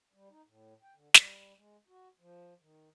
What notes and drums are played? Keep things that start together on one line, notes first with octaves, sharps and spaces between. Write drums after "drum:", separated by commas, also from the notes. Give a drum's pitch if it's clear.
G3
D#4
A2
G5
D3
G3, drum: snare
G#3
F#4
F3
D#3